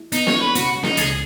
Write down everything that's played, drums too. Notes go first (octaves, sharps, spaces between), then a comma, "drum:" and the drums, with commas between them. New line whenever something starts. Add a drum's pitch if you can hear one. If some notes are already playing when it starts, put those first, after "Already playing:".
Already playing: G#3 E4
B3 D#4, drum: hi-hat
C#5, drum: snare
E4
B4
C#3 F#4, drum: hi-hat
G#3
D#4, drum: snare
C#2 G#4, drum: hi-hat